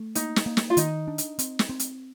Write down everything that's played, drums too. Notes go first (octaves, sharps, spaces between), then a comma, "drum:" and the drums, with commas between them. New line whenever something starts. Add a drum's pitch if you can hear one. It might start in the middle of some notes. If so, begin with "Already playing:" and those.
Already playing: A3
A#3 D#4, drum: hi-hat
drum: snare
A#3
drum: snare
F4
D#3 D#4, drum: hi-hat
D4
drum: hi-hat
C4, drum: hi-hat
drum: snare
C4
drum: hi-hat